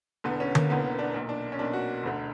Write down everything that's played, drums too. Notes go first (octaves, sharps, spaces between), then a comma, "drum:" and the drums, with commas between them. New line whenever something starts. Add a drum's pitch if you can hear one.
E1 E2 D3 B3
C#4
A#3, drum: tom D3
E1 E2 D3 B3
D4
B1 A#2
D4
C#4
B1 A#2 D4
F#4
E1 D2 D3